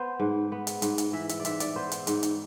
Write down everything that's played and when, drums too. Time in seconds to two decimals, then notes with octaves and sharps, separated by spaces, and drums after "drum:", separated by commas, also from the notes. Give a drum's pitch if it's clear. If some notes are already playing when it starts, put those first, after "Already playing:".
Already playing: B3 C5
0.20 G#2
0.52 B3
0.67 drum: hi-hat
0.82 G#2, drum: hi-hat
0.98 drum: hi-hat
1.13 E3 E5
1.29 E5, drum: hi-hat
1.40 D5
1.45 G#2 E5, drum: hi-hat
1.60 D5, drum: hi-hat
1.76 B3 C5
1.92 drum: hi-hat
2.07 G#2, drum: hi-hat
2.23 drum: hi-hat